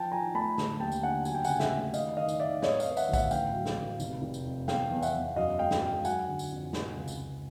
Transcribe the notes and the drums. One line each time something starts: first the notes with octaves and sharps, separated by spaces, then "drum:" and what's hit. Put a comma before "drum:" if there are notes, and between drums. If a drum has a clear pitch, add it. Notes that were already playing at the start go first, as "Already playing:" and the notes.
Already playing: F3 G5 A5
F3 G#5 A#5
A3 A5 B5
D3, drum: snare
D#2 G5 A5
drum: tambourine
D3 F#5 G#5
F#3 G#5, drum: tambourine
G5
C#3 F#5 G#5, drum: tambourine
E5 F#5, drum: snare
A3
D#3 D#5 F5, drum: tambourine
D#3 D#5 F5
drum: tambourine
D#3 D5 E5
B3 C#5 D#5, drum: snare
D#5 F5, drum: tambourine
B3
E5 F#5, drum: tambourine
D2
E5 F#5, drum: kick, tambourine
A1 F5 G5, drum: tambourine
F#3
drum: snare
A1
F1, drum: tambourine
F1
drum: tambourine
F2
E2 F5 G5, drum: snare
E2
E5 F#5, drum: tambourine
E2
F#2 D#5 F5
G#3 F5 G5
drum: snare
G#3 F5 G5
F#3 F#5 G#5, drum: tambourine
D3
drum: tambourine
F2
C3, drum: snare
C#2
drum: tambourine
C#2